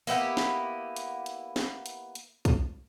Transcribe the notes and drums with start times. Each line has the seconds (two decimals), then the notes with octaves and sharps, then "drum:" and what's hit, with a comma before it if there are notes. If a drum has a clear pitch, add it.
0.07 A#3 B3 E4 G4, drum: open hi-hat
0.37 drum: snare
0.96 drum: hi-hat
1.26 drum: hi-hat
1.56 drum: snare
1.86 drum: hi-hat
2.15 drum: hi-hat
2.45 drum: kick, hi-hat